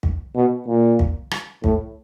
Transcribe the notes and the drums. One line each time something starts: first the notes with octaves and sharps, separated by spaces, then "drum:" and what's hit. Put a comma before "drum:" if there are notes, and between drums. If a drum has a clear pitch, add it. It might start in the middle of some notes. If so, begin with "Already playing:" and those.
drum: kick
B2
A#2
drum: kick
drum: rim click
A2, drum: kick